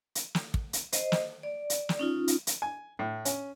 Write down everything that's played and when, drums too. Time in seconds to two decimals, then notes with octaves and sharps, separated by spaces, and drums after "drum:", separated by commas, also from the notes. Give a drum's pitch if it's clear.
0.15 drum: hi-hat
0.35 drum: snare
0.54 drum: kick
0.73 drum: hi-hat
0.92 C5 D#5, drum: hi-hat
1.12 drum: snare
1.43 D5
1.70 drum: hi-hat
1.89 drum: snare
1.99 C#4 D#4 F4
2.28 drum: hi-hat
2.47 drum: hi-hat
2.62 G#5
2.99 A2
3.25 C#4, drum: hi-hat